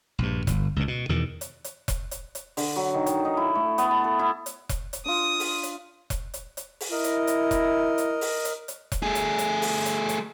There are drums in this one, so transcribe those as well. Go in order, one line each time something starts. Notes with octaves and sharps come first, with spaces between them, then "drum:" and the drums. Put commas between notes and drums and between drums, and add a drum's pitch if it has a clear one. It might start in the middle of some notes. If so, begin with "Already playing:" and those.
A#1 G2
G1, drum: kick E1, hi-hat
C#2 A#2
B2
E2 B2 D#3
drum: hi-hat
drum: hi-hat
drum: kick E1, hi-hat
drum: hi-hat
drum: hi-hat
D3, drum: open hi-hat
F#3
D#3
D#3, drum: hi-hat
D#4
E4
A3
B3, drum: hi-hat
A5
A4
E4
drum: hi-hat
drum: kick E1, hi-hat
drum: hi-hat
D4 F4 D#6
drum: open hi-hat
drum: hi-hat
drum: kick E1, hi-hat
drum: hi-hat
drum: hi-hat
drum: open hi-hat
E4 A#4 D#5
drum: hi-hat
drum: hi-hat
drum: kick E1, hi-hat
drum: hi-hat
drum: open hi-hat
drum: hi-hat
drum: hi-hat
drum: kick E1, hi-hat
A3 G#4
drum: hi-hat
drum: hi-hat
drum: open hi-hat
drum: hi-hat
drum: hi-hat